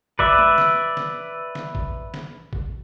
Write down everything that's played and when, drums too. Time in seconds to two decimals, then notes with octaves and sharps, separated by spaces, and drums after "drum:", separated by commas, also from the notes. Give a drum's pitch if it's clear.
0.19 B4 D5 E5, drum: kick
0.39 drum: tom G#3
0.58 drum: snare
0.97 drum: snare
1.55 drum: snare
1.75 drum: kick
2.14 drum: snare
2.53 drum: kick